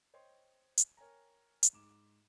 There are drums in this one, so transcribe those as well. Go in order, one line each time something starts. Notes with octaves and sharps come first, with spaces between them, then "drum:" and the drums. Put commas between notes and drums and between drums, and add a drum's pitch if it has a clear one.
C5 C#5 D#5 G5 C6
drum: hi-hat
A#4 C#5 G5 G#5 A#5
drum: hi-hat
G#2 D6 E7